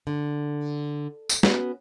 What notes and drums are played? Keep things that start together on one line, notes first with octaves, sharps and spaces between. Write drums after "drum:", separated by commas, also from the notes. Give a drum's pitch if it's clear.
D3
drum: tambourine
B3 C#4 F#4 B4, drum: snare